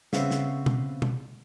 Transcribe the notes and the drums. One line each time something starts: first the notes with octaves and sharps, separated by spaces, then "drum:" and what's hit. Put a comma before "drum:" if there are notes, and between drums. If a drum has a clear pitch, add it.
C#3 B3 C4 E5, drum: snare
drum: snare
drum: tom B2
drum: tom B2